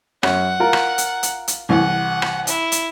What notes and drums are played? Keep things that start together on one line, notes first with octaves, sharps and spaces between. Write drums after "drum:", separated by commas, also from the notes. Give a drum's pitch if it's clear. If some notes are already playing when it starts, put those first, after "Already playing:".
F#2 F#5, drum: rim click
F4 A#4
drum: rim click
drum: hi-hat
drum: hi-hat
drum: hi-hat
C2 E3 F#5
drum: rim click
E4, drum: hi-hat
drum: hi-hat